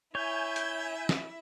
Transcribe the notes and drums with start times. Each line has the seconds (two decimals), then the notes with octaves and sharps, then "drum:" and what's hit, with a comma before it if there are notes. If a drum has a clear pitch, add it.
0.15 E4 C#5 E5 G#5 G6
0.56 drum: hi-hat
1.09 drum: snare